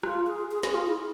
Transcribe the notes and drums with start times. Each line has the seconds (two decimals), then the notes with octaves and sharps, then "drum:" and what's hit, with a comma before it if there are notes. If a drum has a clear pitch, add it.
0.03 F4, drum: rim click
0.27 G#4
0.51 G#4
0.63 G#4, drum: snare
0.74 F4
0.87 E4